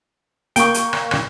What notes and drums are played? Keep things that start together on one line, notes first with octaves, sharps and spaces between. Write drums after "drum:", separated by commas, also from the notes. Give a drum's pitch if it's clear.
A#3 G5 C#6, drum: hi-hat
drum: hi-hat
drum: rim click
drum: rim click